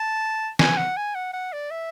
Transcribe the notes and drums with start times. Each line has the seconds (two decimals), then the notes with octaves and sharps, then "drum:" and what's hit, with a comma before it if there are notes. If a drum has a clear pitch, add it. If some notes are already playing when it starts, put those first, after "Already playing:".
Already playing: A5
0.59 G#5, drum: snare
0.77 F#5
0.97 G#5
1.15 F#5
1.33 F#5
1.52 D5
1.71 E5